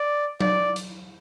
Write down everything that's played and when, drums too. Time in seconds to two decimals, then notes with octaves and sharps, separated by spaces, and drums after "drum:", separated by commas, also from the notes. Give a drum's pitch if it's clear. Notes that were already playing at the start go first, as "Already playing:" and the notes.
Already playing: D5
0.40 D5, drum: tom F#3
0.76 drum: hi-hat